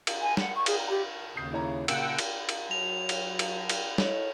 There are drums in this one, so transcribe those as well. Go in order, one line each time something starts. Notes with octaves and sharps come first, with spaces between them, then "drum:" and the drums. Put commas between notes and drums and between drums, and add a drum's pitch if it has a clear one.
drum: cymbal
G#5
F#5, drum: snare
C#6
G#4, drum: cymbal
A#5
G4
D#2 C#3 D#6 G6 C7
E4 C#5 A#5
A#2 C#3 F#5 G5 E6, drum: cymbal
drum: cymbal
drum: cymbal
F#3 F7
drum: cymbal
drum: cymbal
drum: cymbal
E4 A4 C#5 D#5, drum: snare